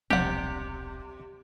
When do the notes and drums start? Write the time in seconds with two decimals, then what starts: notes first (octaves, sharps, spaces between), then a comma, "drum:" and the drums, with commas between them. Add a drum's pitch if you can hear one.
0.10 D#1 B1 C3 D4 G4 F#5, drum: tom F3